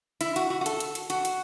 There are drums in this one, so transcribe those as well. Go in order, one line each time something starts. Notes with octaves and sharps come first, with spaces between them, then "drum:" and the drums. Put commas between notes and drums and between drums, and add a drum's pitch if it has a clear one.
E4, drum: hi-hat
F#4, drum: hi-hat
F#4
F#4
A4, drum: hi-hat
drum: hi-hat
drum: hi-hat
F#4, drum: hi-hat
drum: hi-hat